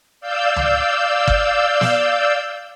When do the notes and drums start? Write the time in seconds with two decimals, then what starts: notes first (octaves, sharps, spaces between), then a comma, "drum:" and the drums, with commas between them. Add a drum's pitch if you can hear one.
0.21 D5 F5 E6 G6
0.56 drum: tom C#2
1.28 drum: kick
1.81 drum: snare